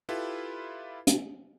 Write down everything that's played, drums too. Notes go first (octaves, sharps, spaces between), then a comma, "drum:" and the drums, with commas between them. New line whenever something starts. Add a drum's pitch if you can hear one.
E4 F4 G4 A4 B4
drum: hi-hat